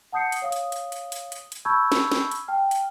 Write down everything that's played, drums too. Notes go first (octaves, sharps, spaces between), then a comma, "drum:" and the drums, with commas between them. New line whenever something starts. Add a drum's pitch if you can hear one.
F#5 A5 D#6 G6 C7 C#7
drum: hi-hat
C#5 F5 D#6
drum: hi-hat
drum: hi-hat
drum: hi-hat
drum: hi-hat
drum: hi-hat
drum: hi-hat
A5 B5 C#6 E6 G6 G#6
drum: snare
drum: snare
drum: hi-hat
G5 A5 F6
drum: hi-hat